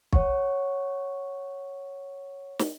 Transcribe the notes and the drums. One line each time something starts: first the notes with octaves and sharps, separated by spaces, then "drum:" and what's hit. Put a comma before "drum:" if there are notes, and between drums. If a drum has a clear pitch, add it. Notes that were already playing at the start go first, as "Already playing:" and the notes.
C#5 F#5 C#6, drum: kick
drum: snare